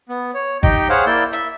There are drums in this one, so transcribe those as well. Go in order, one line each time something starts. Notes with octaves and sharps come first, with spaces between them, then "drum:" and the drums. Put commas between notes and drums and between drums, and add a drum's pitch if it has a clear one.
B3
C#5
D#4 G4 D#5 G5, drum: kick G#1
G#4 C5 C#5 F5 F#5
A#3 E4 D5 E6 G6
E5, drum: hi-hat